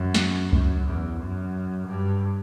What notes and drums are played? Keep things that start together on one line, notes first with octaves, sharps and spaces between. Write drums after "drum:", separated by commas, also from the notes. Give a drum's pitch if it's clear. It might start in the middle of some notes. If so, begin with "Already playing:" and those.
Already playing: F#2
drum: snare
F#2, drum: kick C#2
E2
F#2
G2